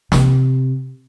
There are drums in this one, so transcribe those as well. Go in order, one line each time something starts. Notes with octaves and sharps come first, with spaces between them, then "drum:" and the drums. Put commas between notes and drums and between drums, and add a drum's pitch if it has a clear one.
C3, drum: snare